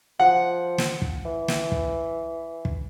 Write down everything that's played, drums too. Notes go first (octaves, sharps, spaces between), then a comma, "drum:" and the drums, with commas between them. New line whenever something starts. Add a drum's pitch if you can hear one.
F3 F#5
drum: snare
drum: kick
E3
drum: snare
drum: kick
drum: kick